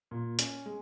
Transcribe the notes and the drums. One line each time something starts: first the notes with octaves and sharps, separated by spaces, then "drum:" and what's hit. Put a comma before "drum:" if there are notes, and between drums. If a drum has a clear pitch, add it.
A#2
C#4, drum: hi-hat
G#3